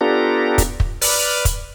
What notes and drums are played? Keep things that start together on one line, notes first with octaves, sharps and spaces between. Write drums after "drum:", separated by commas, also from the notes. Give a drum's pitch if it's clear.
B3 D4 F4 G4 A4 A#5
drum: kick, hi-hat
drum: kick
B4 D5 F6, drum: open hi-hat
drum: kick, hi-hat